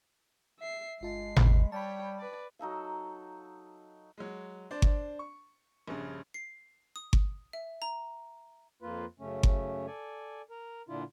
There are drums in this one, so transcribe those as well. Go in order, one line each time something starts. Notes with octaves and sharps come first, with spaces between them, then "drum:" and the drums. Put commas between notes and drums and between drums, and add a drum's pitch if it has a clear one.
E5 C7
G1 G#3 F4 A5 C7
B5, drum: tom G#1
G3 C#5 G5 A5 B5
B4 D5
F#3 D#4 A4 F5
F#3 G#3
D4 C5 D5
drum: kick G1
C#6
A#1 G2 C#3
C7
D#6
drum: kick G1
E5
A#5
F2 A#3 F4 B4
F#2 C#3 A3 C#4
drum: kick G1
A4 D5 G#5
A#4
A#2 D3 D4 E4 F4